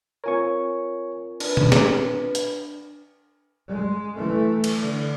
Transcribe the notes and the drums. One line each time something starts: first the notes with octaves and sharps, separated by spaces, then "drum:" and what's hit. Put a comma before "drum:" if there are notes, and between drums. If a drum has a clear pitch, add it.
C4 F4 A#4 C#5 G#5 C#6
D4 B4, drum: cymbal
drum: tom A#2
drum: snare
drum: hi-hat
G#3
E3 A3
drum: cymbal
D3